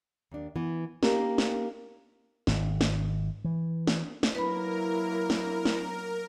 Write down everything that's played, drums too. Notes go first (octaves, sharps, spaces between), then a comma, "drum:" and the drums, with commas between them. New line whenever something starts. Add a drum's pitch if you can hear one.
D#2 D4
E3 B3
A#3 C#4 D#4 G4 A#4, drum: snare
drum: snare
G#1, drum: snare
drum: snare
E3
drum: snare
drum: snare
F#3 A#3 E4 A#4 B4 B5
drum: snare
drum: snare